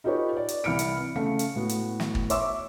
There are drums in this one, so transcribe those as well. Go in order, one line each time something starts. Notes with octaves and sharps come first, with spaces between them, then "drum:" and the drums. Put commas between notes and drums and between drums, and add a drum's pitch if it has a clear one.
D#4 F4 G4 A4 B4 C#5
D5
drum: hi-hat
C2 E3 E4 F6 C#7 D7
drum: hi-hat
C#3 A3 F5 C#7
drum: hi-hat
A2 B3 F#4
drum: hi-hat
drum: snare
drum: kick
C#5 E5 C6 D6 E6, drum: hi-hat